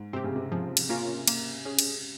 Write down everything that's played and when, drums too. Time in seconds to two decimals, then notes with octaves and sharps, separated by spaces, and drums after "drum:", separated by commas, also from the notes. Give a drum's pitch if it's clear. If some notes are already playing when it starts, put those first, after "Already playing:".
Already playing: G#2
0.13 C3 C4 G4
0.24 C#3
0.36 C3
0.51 C#3 F3
0.77 drum: cymbal
0.89 A#3 C#4 F4 A#4
1.27 A#3, drum: cymbal
1.65 C#4 G#4
1.79 drum: cymbal